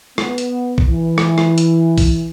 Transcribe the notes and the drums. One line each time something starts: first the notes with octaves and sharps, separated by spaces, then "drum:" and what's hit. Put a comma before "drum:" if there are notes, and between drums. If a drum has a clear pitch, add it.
B3, drum: rim click
drum: hi-hat
drum: kick
E3
drum: rim click
drum: rim click
drum: hi-hat
drum: kick, open hi-hat